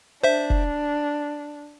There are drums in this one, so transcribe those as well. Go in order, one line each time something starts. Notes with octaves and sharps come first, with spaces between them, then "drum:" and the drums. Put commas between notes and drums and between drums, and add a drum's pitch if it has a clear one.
D4 C5 E5
drum: kick